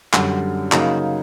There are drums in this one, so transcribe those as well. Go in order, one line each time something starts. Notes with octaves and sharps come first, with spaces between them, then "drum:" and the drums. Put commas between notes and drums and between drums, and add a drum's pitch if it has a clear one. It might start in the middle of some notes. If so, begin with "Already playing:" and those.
F#2 D3 G3, drum: clap
C#3 F#3 A#3 D#4, drum: clap